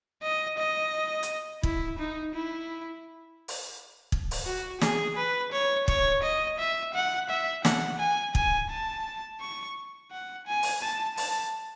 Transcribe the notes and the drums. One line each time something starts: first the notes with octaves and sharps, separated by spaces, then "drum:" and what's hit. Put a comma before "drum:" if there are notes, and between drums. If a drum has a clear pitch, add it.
D#5
D#5
drum: hi-hat
E4, drum: kick
D#4
E4
drum: open hi-hat
drum: kick
drum: open hi-hat
F#4
G#4, drum: snare
B4
C#5
C#5, drum: kick
D#5
E5
F#5
E5
F#5, drum: snare
G#5
G#5, drum: kick
A5
C#6
F#5
G#5
drum: open hi-hat
A5
A5, drum: open hi-hat